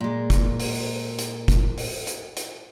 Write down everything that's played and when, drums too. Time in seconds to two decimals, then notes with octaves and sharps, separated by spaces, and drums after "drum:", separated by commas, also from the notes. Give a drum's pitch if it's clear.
0.01 A#2 G#3
0.30 drum: kick, hi-hat
0.60 drum: open hi-hat
1.19 drum: hi-hat
1.48 drum: kick, hi-hat
1.78 drum: open hi-hat
2.07 drum: hi-hat
2.37 drum: hi-hat